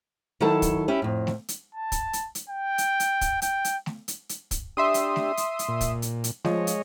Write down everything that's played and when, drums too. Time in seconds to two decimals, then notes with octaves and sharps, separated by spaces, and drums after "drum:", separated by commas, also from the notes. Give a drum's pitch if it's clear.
0.40 D#3 F#3 E4 A4 A5
0.62 drum: kick, hi-hat
0.88 C#4 E4 G4
1.02 F2 A2
1.27 drum: snare A3
1.48 drum: hi-hat
1.75 A5
1.92 drum: kick, hi-hat
2.13 drum: hi-hat
2.35 drum: hi-hat
2.49 G5
2.78 drum: hi-hat
3.00 drum: hi-hat
3.21 drum: kick, hi-hat
3.42 G5, drum: hi-hat
3.65 drum: hi-hat
3.86 drum: snare A3
4.08 drum: hi-hat
4.29 drum: hi-hat
4.51 drum: kick, hi-hat
4.77 D4 G4 E5 C6 D#6
4.94 drum: hi-hat
5.16 drum: snare A3
5.37 drum: hi-hat
5.59 drum: hi-hat
5.68 A#2
5.81 drum: kick, hi-hat
6.02 drum: hi-hat
6.24 drum: hi-hat
6.45 F3 G#3 C#5 D#5, drum: snare A3
6.67 drum: hi-hat